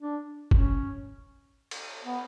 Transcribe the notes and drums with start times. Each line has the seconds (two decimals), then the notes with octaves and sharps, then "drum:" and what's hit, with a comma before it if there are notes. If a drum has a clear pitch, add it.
0.01 D4
0.51 C#4, drum: kick
1.71 drum: cymbal
2.04 B3